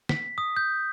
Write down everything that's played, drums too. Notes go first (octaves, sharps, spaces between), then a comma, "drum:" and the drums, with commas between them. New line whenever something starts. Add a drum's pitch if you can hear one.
B6, drum: snare
D#6
G6